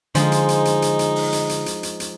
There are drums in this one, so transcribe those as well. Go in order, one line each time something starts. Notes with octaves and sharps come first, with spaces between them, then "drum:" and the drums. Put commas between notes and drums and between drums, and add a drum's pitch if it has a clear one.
D3 F3 G#3 D#4, drum: hi-hat
drum: hi-hat
drum: hi-hat
drum: hi-hat
drum: hi-hat
drum: hi-hat
drum: open hi-hat
drum: hi-hat
drum: hi-hat
drum: hi-hat
drum: hi-hat
drum: hi-hat